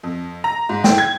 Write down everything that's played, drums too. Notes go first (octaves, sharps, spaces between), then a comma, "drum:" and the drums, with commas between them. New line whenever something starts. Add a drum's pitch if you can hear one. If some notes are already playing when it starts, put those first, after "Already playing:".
F2
A#5
G#2
G5, drum: snare
G#6